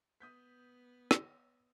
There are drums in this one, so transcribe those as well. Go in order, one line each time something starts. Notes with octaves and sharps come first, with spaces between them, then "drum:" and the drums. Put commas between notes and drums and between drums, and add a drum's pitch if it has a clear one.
B3 D#6 G6 B6
drum: rim click